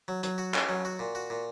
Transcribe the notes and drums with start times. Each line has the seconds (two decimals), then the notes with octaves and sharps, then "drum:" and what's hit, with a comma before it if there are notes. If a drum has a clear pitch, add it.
0.08 F#3
0.23 F#3, drum: hi-hat
0.38 F#4
0.54 C#4, drum: clap
0.69 F#3
0.85 F#4
0.99 A#2
1.15 F#4
1.30 A#2